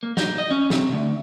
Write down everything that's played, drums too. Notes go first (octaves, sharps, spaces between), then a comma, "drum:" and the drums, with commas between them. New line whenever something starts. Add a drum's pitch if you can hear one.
A#3
D#4, drum: snare
D#5
C#4
C3, drum: snare
D2